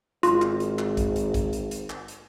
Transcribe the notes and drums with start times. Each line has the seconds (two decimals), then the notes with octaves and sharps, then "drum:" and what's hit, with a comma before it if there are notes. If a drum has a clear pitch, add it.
0.23 G#1 F4, drum: hi-hat
0.42 drum: clap
0.60 drum: hi-hat
0.79 drum: clap
0.97 drum: kick A1, hi-hat
1.16 drum: hi-hat
1.34 drum: kick A1, hi-hat
1.53 drum: hi-hat
1.71 drum: hi-hat
1.90 drum: clap
2.08 drum: hi-hat